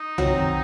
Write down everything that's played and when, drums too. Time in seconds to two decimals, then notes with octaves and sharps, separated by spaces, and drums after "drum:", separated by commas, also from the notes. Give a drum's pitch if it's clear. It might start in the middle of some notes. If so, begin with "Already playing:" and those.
Already playing: D#4
0.18 D#3 F#3 C4 F#4, drum: tom B1